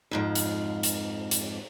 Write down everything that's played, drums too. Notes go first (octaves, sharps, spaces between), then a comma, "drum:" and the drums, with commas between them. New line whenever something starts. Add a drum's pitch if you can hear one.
F2 G#2 F3
drum: hi-hat
drum: hi-hat
drum: hi-hat